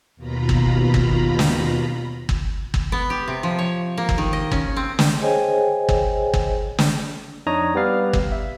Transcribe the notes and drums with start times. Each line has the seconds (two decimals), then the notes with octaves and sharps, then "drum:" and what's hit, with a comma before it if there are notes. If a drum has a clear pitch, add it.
0.16 D#2 B2 F4 A#5 B5
0.49 drum: kick
0.94 drum: kick
1.39 drum: snare
2.29 drum: kick
2.74 drum: kick
2.92 B3
3.10 G4
3.28 C3
3.43 F3
3.59 C#5
3.98 A#3
4.09 drum: kick
4.18 D#3
4.33 D#5
4.51 C#4, drum: kick
4.76 C4
4.99 drum: snare
5.21 G#4 C5 C#5 D#5 G5 G#5
5.89 drum: kick
6.34 drum: kick
6.78 drum: snare
7.47 F2 D4 D#4 C#5 A#5 D#6
7.75 G3 B3 G4 B4 D5 F5
8.13 drum: kick
8.32 E5